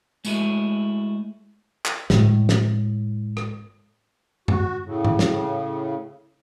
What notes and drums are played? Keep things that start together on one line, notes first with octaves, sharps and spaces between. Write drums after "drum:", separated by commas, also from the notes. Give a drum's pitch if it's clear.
G#3 A3 E4 F#4 G#4 A4, drum: tambourine
drum: clap
A2 G#3, drum: snare
drum: snare
drum: rim click
F#4, drum: tom F#2
A2 C#3
drum: tom G2
drum: snare